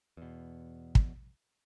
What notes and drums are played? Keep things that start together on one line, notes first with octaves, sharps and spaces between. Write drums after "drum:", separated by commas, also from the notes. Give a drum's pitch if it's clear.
E2 B2
drum: kick